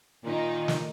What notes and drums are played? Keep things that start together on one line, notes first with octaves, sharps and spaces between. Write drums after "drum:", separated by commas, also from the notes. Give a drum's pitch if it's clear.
A#2 D#3 D#4
drum: snare